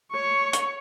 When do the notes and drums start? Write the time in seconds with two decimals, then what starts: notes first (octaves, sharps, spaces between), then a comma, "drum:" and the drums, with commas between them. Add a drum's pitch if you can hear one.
0.12 C#5 C#6
0.53 drum: hi-hat